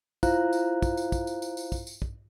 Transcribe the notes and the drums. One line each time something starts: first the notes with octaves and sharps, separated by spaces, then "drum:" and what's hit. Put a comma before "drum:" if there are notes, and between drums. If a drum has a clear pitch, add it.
E4 F4 C5 F5 A#5 F#6, drum: kick, tambourine
drum: tambourine
drum: kick, tambourine
drum: tambourine
drum: kick, tambourine
drum: tambourine
drum: tambourine
drum: tambourine
drum: kick, tambourine
drum: tambourine
drum: kick